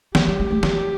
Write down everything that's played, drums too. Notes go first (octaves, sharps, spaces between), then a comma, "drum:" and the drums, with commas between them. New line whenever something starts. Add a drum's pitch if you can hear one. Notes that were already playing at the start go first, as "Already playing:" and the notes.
G#3 G4, drum: snare E3
G3
G#3
A3
A3, drum: snare E3